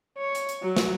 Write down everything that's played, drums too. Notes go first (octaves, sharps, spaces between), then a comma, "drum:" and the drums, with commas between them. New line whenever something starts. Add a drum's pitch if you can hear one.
C#5
drum: hi-hat
drum: hi-hat
F#3
drum: snare